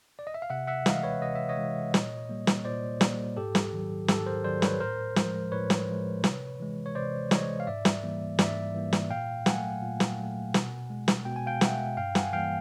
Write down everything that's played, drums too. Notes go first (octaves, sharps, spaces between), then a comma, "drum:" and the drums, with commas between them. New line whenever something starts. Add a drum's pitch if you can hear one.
D5
D#5
E5
F5
C3 E5 F#5
E5 F#5
E3 G#3 D#5 F5, drum: snare
B4 C#5
C3 D#5
E5
C#5 D#5
E3 G#3
A#2, drum: snare
G3 A#3
drum: snare
A#2 C5 D5
G3 A#3, drum: snare
G#2 G4 A4
drum: snare
D#3 F#3
G#2 G4 A4, drum: snare
A#4 C5
D#3 F#3 C5 D5
B4 C#5, drum: snare
A2 A#4 C5
F3 G#3, drum: snare
A2 B4 C#5
drum: snare
F3 G#3
C3, drum: snare
E3 G#3
C#5
C3 C5 D5
E3 G#3 C#5 D#5, drum: snare
F5
G#2 D5 E5
drum: snare
E3 G3 A#3
G#2 D5 E5, drum: snare
E3 G3 A#3
drum: snare
A#2 F5 G5
F#3 A3 F#5 G#5, drum: snare
A#2
drum: snare
F#3 A3
B2, drum: snare
G#3
drum: snare
B2 G5
G#5
F5 G5
G#3 E5 F#5, drum: snare
G2 F5 G5
F#5 G#5, drum: snare
E3 G3 A#3 F5 G5